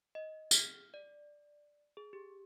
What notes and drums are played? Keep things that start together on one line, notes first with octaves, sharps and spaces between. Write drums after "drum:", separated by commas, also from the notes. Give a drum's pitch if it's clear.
D#5
F6, drum: tambourine
D5
G#4
G4